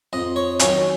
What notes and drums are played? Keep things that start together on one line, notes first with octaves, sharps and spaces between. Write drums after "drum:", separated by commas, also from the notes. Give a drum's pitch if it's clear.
F2 D#5
C#5
D#3 F#3 C#4 C#5, drum: hi-hat